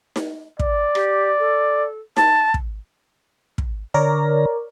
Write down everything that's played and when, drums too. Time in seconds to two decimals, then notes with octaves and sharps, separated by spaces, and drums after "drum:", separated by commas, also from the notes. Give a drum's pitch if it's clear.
0.16 drum: snare D#4
0.59 D5, drum: kick
0.95 G4, drum: rim click
1.40 A4
2.17 A5, drum: snare D#4
2.54 drum: kick
3.58 drum: kick
3.94 D3 A#4 C#5 D5 A#5